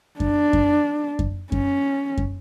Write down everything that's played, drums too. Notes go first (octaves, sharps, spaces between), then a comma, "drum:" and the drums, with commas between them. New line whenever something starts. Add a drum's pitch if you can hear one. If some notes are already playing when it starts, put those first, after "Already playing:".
D4, drum: kick F#2
drum: kick F#2
drum: kick F#2
C#4, drum: kick F#2
drum: kick F#2